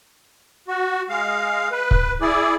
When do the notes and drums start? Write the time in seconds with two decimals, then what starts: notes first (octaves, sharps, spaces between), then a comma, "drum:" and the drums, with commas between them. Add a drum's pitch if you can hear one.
0.68 F#4
1.09 G#3 F5
1.72 B4
1.91 drum: kick C#1
2.21 E4 G#4 D5